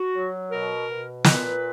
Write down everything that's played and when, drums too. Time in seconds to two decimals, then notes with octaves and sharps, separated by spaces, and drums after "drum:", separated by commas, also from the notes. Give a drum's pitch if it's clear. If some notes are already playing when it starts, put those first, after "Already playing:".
Already playing: F#4
0.14 F#3
0.51 B2 A#4
0.88 B2
1.24 A#2 B4, drum: snare